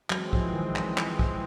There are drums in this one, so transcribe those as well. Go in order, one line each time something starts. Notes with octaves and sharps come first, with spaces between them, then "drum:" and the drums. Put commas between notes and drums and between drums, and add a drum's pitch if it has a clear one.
E3 F#3 G#3 C4, drum: clap
F3, drum: kick B1
D#3
drum: clap
drum: clap
drum: kick B1